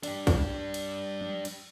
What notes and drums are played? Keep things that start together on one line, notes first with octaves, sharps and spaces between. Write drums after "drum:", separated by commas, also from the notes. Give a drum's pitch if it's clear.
D4 G4, drum: cymbal
drum: kick B1, cymbal
drum: cymbal
drum: tom F3
drum: cymbal